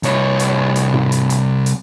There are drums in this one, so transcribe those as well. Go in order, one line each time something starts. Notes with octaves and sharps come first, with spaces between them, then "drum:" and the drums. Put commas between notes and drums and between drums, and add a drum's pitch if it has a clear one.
C2 C#5, drum: hi-hat
drum: hi-hat
drum: hi-hat
drum: tom G#2
drum: hi-hat
drum: hi-hat
drum: hi-hat